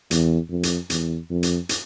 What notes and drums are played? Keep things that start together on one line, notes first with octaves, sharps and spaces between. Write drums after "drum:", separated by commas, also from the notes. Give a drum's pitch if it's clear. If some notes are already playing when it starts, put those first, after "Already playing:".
E2, drum: hi-hat
F2
drum: hi-hat
E2, drum: hi-hat
F2
drum: hi-hat
drum: hi-hat